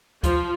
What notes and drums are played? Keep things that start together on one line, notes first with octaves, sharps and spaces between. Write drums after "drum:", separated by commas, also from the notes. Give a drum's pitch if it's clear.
F3, drum: kick, hi-hat